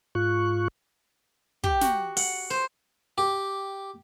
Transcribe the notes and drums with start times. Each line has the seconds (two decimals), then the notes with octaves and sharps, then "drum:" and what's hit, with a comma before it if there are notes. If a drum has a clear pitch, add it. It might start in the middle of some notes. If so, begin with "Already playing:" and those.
0.15 G#2 F4 C#6 F#6
1.64 G4, drum: kick
1.81 F#4, drum: snare
2.17 F#5, drum: open hi-hat
2.50 C5
3.18 G4